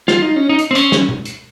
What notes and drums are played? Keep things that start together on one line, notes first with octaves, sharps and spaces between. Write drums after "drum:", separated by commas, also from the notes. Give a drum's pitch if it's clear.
F4, drum: snare
D#4
C#4
D#4
drum: hi-hat
C4
C#4, drum: hi-hat
drum: snare
drum: tom B2
drum: hi-hat